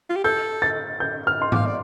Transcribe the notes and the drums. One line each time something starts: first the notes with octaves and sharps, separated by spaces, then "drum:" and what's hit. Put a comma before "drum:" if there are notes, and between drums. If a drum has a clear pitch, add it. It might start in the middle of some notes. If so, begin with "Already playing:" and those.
F4
G4
A4 G6
A6
G6
F6
C6
F5 D6, drum: tom G#2
D5